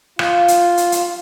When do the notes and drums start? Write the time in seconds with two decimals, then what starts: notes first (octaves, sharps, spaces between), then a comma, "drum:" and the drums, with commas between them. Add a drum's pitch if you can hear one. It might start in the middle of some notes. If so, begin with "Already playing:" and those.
0.19 F4, drum: rim click
0.48 drum: hi-hat
0.77 drum: hi-hat
0.92 drum: hi-hat